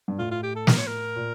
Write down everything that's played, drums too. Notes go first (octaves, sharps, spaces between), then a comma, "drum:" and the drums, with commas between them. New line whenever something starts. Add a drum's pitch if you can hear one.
G2
A2 F4
F4
G4
A4
A#4, drum: snare
C#5
A#4
A#2